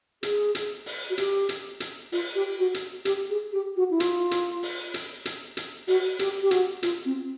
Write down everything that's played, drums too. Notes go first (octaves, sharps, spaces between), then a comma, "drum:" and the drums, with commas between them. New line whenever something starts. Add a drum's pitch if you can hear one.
G#4, drum: hi-hat
drum: hi-hat
drum: open hi-hat
F#4
G4, drum: hi-hat
drum: hi-hat
drum: hi-hat
F4, drum: open hi-hat
G4
F#4
drum: hi-hat
G4, drum: hi-hat
G#4
G4
F#4
E4
F4, drum: hi-hat
drum: hi-hat
drum: open hi-hat
drum: hi-hat
drum: hi-hat
drum: hi-hat
F#4, drum: open hi-hat
G4, drum: hi-hat
G4
F#4, drum: hi-hat
F4, drum: hi-hat
C4